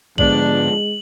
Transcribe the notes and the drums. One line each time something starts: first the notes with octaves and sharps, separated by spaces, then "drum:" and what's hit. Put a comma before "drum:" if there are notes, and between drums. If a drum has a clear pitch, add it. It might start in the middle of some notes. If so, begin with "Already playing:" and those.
G#2 D3 F3 G#3 B3 D4 F#7, drum: kick A#1